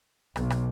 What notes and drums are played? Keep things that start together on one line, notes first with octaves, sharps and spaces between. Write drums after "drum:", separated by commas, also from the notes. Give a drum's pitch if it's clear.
B1, drum: rim click
drum: rim click